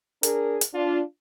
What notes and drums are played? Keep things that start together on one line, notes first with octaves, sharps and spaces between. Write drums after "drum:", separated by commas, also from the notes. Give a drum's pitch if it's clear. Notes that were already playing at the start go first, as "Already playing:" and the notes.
D4 G#4 A#4, drum: hi-hat
drum: hi-hat
D4 F4